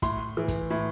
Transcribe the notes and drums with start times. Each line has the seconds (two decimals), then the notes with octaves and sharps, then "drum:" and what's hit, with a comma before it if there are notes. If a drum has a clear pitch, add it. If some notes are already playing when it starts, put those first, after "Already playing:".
0.02 A2 C6, drum: kick, hi-hat
0.37 E3
0.48 drum: kick, hi-hat
0.70 A2